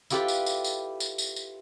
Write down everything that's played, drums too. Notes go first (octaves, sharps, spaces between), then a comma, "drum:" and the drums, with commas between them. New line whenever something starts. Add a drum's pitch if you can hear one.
E4 F4 G4 A4 B4 D5, drum: tambourine
drum: tambourine
drum: tambourine
drum: tambourine
drum: tambourine
drum: tambourine
drum: tambourine